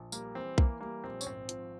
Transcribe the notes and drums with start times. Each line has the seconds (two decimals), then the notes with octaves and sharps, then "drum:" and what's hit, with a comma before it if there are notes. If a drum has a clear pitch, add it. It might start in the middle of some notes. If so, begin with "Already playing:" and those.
Already playing: A#1
0.12 G3 A#3, drum: tambourine
0.35 E3 C4
0.58 E3 A#3, drum: kick B1
0.80 G3 A#3
1.03 A#1 C4
1.21 C#4, drum: tambourine
1.26 G#1 C4
1.49 F3, drum: hi-hat